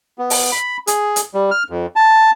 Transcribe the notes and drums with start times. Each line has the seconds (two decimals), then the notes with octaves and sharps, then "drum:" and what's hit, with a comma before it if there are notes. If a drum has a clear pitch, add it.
0.18 B3
0.30 drum: open hi-hat
0.52 B5
0.87 G#4, drum: hi-hat
1.16 drum: hi-hat
1.34 G3
1.51 F6
1.70 F2
1.96 A5